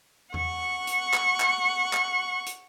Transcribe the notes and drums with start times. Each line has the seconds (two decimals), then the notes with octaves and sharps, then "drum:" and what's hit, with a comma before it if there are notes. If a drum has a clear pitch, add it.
0.34 F#5 C#6, drum: tom E2
0.87 drum: hi-hat
1.14 drum: clap
1.40 drum: clap
1.93 drum: clap
2.46 drum: hi-hat